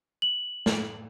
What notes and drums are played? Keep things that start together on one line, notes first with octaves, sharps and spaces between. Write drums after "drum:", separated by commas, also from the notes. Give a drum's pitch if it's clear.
F#7
drum: snare